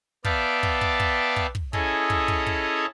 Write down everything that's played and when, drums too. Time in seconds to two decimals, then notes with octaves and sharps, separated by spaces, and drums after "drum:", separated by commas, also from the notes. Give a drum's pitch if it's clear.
0.25 B3 D5 E5 F5 G5 A5, drum: kick
0.63 drum: kick
0.81 drum: kick
1.00 drum: kick
1.36 drum: kick
1.55 drum: kick
1.73 C#4 E4 G#4 A4 C#5 D#5, drum: kick
2.10 drum: kick
2.28 drum: kick
2.47 drum: kick